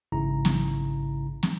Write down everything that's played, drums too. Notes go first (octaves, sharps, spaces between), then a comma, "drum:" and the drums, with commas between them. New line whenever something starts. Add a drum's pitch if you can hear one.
A1 G#2 C#3 E4 A#5
drum: snare
drum: snare